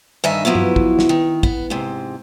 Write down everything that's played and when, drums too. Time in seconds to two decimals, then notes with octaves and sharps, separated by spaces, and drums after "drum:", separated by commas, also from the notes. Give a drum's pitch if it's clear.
0.24 G2 D3 D#3 D#5 E5 G#5
0.45 F3 F#3 B3 E4
0.55 drum: tom G2
0.76 drum: kick
0.99 drum: snare
1.09 D#3
1.43 B3, drum: kick
1.70 G#2 C3